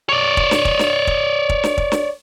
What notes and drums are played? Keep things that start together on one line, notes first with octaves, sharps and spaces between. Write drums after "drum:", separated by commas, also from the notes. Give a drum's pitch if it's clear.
C#5 D5
drum: kick
drum: snare
drum: kick
drum: snare
drum: kick
drum: kick
drum: snare
drum: kick
drum: snare